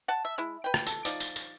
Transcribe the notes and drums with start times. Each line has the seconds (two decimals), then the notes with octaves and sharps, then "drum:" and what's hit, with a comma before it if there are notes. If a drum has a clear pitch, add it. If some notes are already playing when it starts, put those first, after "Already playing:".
0.08 F#5 A5
0.25 E5
0.38 G#3 E4
0.64 B4 G5
0.74 drum: rim click
0.87 A4, drum: tambourine
1.05 F3 D#4 D5, drum: tambourine
1.20 drum: tambourine
1.36 drum: tambourine